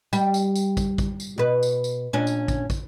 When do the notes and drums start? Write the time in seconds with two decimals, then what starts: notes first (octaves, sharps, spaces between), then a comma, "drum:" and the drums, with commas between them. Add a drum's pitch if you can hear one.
0.13 G3, drum: tambourine
0.34 drum: tambourine
0.56 drum: tambourine
0.77 drum: kick, tambourine
0.98 drum: kick, tambourine
1.20 drum: tambourine
1.38 B2 B4
1.63 drum: tambourine
1.84 drum: tambourine
2.13 A#2 C#4 D4
2.27 drum: tambourine
2.48 drum: kick, tambourine
2.70 drum: kick, tambourine